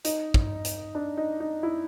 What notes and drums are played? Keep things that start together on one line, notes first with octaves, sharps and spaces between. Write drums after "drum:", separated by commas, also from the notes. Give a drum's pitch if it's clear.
D#4, drum: hi-hat
drum: kick
drum: hi-hat
D4
D#4
D#4
E4